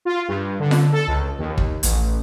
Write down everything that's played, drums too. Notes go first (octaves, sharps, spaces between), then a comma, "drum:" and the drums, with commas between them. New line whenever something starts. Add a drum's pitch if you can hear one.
F4
G2
D3
drum: snare F4
A4
C#2
D#2
drum: kick
A1, drum: hi-hat